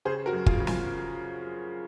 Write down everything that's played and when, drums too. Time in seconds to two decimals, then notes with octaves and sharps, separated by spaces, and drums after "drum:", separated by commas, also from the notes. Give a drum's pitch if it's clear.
0.05 C#3 G#4 C5
0.26 F#4 A#4
0.33 F#2
0.46 F4 G#4, drum: kick
0.60 C#3
0.67 F4, drum: snare